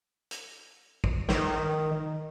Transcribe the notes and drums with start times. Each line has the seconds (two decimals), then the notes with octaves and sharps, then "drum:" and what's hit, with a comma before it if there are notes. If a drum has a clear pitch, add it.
0.31 drum: hi-hat
1.04 drum: kick
1.29 D#3, drum: snare